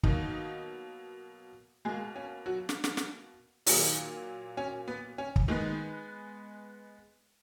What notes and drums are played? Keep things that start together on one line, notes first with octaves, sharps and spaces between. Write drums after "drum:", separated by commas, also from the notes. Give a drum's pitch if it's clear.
B2 D#3 F#3 A#3 D#4, drum: kick
B2 G#3 A#3 G#4
C#4
F#3 F#4
drum: snare
drum: snare
drum: snare
A#2 D#3 F#3 A#3 D#4, drum: open hi-hat
C#4
B3
C#4
drum: kick
D#3 G#3 B3 D#4